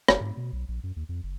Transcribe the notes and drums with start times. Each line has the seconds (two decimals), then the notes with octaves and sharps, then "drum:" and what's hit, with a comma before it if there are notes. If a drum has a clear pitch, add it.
0.08 F#1, drum: rim click
0.20 G#2
0.37 B2
0.53 B1
0.68 A#1
0.83 F#2
0.96 D#2
1.09 F2
1.23 F#1